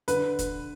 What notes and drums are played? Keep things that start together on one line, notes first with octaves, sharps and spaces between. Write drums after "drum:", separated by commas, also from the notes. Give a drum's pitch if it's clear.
D3 B4, drum: hi-hat
drum: kick, hi-hat